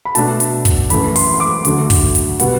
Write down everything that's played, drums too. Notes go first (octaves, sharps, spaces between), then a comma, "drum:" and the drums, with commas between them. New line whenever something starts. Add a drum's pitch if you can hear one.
B5
B2 A3 D4 A5, drum: hi-hat
drum: hi-hat
drum: kick, hi-hat
F#2 E3 A3 B5, drum: hi-hat
C6, drum: open hi-hat
C6
D6
D2 D3 F#3 A3 D4, drum: hi-hat
drum: kick, open hi-hat
drum: hi-hat
B2 G3 B3 F#5, drum: hi-hat